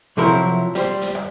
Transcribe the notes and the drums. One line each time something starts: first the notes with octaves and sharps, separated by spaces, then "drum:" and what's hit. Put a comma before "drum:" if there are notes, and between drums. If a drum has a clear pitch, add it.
C3 F3 F#3 E4 A#4
G3 C5, drum: hi-hat
drum: hi-hat
drum: rim click